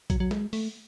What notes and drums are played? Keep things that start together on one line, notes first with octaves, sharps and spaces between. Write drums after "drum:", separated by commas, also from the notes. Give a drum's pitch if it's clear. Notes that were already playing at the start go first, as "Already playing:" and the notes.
F#3, drum: kick A#1, hi-hat
F#3
G#3, drum: snare
A3, drum: open hi-hat